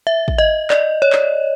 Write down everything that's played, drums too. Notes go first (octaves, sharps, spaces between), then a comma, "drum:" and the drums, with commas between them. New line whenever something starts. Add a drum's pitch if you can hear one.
E5
drum: kick
D#5
D5, drum: clap
C#5
drum: clap